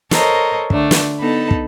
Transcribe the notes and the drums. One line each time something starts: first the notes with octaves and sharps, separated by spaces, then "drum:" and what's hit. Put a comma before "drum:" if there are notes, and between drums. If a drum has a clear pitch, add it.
A4 A#4 C5 C#5 D#5 A#5, drum: snare
D3 A3 D4, drum: kick
drum: snare
B3 D#4 A4 A5 B5
drum: kick